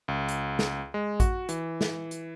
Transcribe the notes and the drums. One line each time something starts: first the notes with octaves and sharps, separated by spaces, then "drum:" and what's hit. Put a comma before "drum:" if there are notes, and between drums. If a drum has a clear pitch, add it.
C#2
drum: hi-hat
drum: snare
G#3
F#4, drum: kick A1, hi-hat
E3, drum: hi-hat
drum: snare
drum: hi-hat